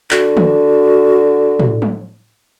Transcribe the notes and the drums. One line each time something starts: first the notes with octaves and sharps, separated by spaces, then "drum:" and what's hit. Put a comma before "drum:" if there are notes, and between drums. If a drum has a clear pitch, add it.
D3 F#4, drum: clap
drum: tom
drum: tom
drum: tom